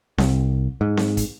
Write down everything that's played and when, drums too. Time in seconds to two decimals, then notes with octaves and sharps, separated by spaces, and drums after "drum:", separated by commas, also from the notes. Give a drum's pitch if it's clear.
0.18 C2, drum: snare C4
0.81 G#2
0.97 drum: snare C4
1.17 drum: kick, hi-hat